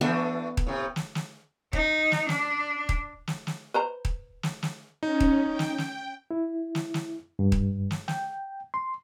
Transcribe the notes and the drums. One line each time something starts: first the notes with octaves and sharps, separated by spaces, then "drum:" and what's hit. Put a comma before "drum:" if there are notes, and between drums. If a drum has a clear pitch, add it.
E3 A3 B3 D4 A4 E5
drum: kick D#1
A2 C3
drum: snare
drum: snare
D#4, drum: kick D#1
drum: snare
D4, drum: snare
drum: kick D#1
drum: snare
drum: snare
B4 C5 A#5
drum: kick D#1
drum: snare
drum: snare
C#4 D#4
drum: kick D#1
G5
drum: snare
drum: snare
E4
drum: snare
drum: snare
G2
drum: kick D#1
drum: snare
G5, drum: snare
C6